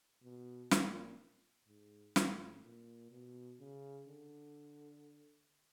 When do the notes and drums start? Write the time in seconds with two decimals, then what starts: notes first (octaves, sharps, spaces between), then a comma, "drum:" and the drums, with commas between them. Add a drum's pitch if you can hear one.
0.23 B2
0.71 A#2, drum: snare
1.67 G#2
2.16 A2, drum: snare
2.64 A#2
3.11 B2
3.59 C#3
4.07 D3